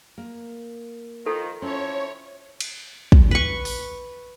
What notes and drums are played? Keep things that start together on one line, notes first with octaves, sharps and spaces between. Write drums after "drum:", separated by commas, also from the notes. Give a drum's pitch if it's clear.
A#3
D#3 F3 A4
F3 C4 C#4 E4 C#5
drum: cymbal
drum: kick
B4 C#6
drum: open hi-hat